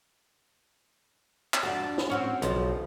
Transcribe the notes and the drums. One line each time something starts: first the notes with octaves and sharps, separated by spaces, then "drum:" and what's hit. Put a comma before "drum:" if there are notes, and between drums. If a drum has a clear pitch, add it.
drum: clap
F2 D4 F#4
drum: snare
C4 C#4 F#4 C#5
B1 E2 C#3 F3, drum: hi-hat